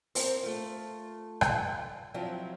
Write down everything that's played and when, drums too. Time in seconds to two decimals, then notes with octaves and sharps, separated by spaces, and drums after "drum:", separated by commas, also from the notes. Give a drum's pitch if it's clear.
0.15 C4 A#4 C5, drum: open hi-hat
0.43 A3 F4
1.41 drum: rim click
2.14 F3 F#3 C4 E4 F4